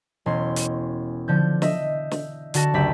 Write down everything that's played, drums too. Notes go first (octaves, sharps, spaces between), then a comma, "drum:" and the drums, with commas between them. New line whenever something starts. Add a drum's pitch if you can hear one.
E1 C#4 C6
drum: hi-hat
D3 F3 G6
D#5 E5, drum: snare
drum: snare
D3 F#4 A5 A#6, drum: hi-hat
F#1 D2 G4 E5 B5 B6